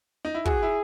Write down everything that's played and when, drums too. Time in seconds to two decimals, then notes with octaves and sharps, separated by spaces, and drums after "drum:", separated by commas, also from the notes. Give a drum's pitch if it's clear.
0.25 D#4
0.35 E4
0.45 F#4 G#4, drum: kick
0.62 E4